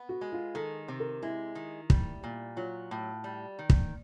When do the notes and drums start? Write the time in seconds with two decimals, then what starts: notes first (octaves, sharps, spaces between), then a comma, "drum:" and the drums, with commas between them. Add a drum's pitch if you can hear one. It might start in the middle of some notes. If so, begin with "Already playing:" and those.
Already playing: B3
0.09 F#4
0.21 G#3
0.32 F4
0.54 D#3 A4
0.88 C3
1.00 A#4
1.22 G#3 E4
1.55 D#3
1.90 G3, drum: kick
2.24 A#2
2.56 F#3 F4
2.91 A2
3.24 G3
3.59 D#3
3.70 drum: kick